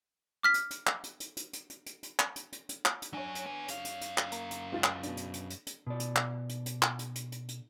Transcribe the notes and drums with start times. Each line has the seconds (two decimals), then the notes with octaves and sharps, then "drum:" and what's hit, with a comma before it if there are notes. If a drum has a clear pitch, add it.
0.43 D6 F6 B6
0.54 drum: hi-hat
0.70 drum: hi-hat
0.87 drum: clap
1.03 drum: hi-hat
1.20 drum: hi-hat
1.37 drum: hi-hat
1.53 drum: hi-hat
1.70 drum: hi-hat
1.86 drum: hi-hat
2.03 drum: hi-hat
2.19 drum: clap
2.36 drum: hi-hat
2.52 drum: hi-hat
2.69 drum: hi-hat
2.85 drum: clap
3.02 drum: hi-hat
3.13 F#3 D4 C#5 G#5
3.35 drum: hi-hat
3.46 B3 G#5
3.68 F#2 F5, drum: hi-hat
3.85 drum: hi-hat
4.01 drum: hi-hat
4.18 drum: clap
4.32 A#3 A#5, drum: hi-hat
4.51 drum: hi-hat
4.72 C#2 F4 A6
4.84 drum: clap
5.03 B2 D4, drum: hi-hat
5.17 drum: hi-hat
5.33 drum: hi-hat
5.50 drum: hi-hat
5.67 drum: hi-hat
5.87 B2 D5
6.00 drum: hi-hat
6.16 drum: clap
6.49 drum: hi-hat
6.66 drum: hi-hat
6.82 drum: clap
6.99 drum: hi-hat
7.15 drum: hi-hat
7.32 drum: hi-hat
7.48 drum: hi-hat